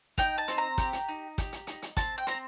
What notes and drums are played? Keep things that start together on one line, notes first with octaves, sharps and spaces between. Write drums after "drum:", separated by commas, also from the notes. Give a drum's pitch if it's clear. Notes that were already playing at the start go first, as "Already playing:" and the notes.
D#4 G5, drum: kick, hi-hat
A5
C4, drum: hi-hat
A#5
G4, drum: kick, hi-hat
drum: hi-hat
D#4
G4, drum: kick, hi-hat
drum: hi-hat
D#4, drum: hi-hat
drum: hi-hat
C4 A5, drum: kick, hi-hat
G5
C4 A#5, drum: hi-hat